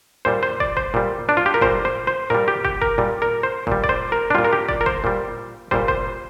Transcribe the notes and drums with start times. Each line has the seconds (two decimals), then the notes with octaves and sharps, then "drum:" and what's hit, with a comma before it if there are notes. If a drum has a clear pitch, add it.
0.25 A#2 G3 C5
0.43 C5
0.60 D5, drum: kick
0.77 C5, drum: kick
0.94 A#2 G3
1.29 D4
1.37 F4
1.46 G4
1.54 A#4
1.61 A#2 G3 C5, drum: kick
1.85 C5
2.07 C5
2.30 A#2 G3 A#4
2.48 G4
2.65 G4, drum: kick
2.82 A#4, drum: kick
2.98 A#2 G3
3.22 A#4
3.43 C5
3.67 A#2 G3, drum: kick
3.84 D5, drum: kick
3.89 C5
4.12 A#4
4.30 D4
4.35 A#2 G3 F4
4.44 A#4
4.53 G4
4.69 D5, drum: kick
4.81 A#4
4.86 C5, drum: kick
5.04 A#2 G3
5.71 A#2 G3 C5, drum: kick
5.88 C5, drum: kick